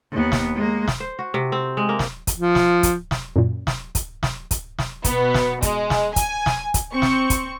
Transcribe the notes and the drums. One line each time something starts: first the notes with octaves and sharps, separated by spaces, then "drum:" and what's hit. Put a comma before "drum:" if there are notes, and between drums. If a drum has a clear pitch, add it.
D#2 B3
drum: snare
G#3 A#3
drum: snare
C5
F#4
C3
C4
G#3
A#3
drum: snare
drum: kick, hi-hat
F3
drum: snare
drum: kick, hi-hat
drum: snare
F#2 A#2
drum: snare
drum: kick, hi-hat
drum: snare
drum: kick, hi-hat
drum: snare
B2 B3, drum: kick, hi-hat
drum: snare
G#3, drum: kick, hi-hat
drum: snare
G#5, drum: kick, hi-hat
drum: snare
drum: kick, hi-hat
C4 C#6
drum: snare
drum: kick, hi-hat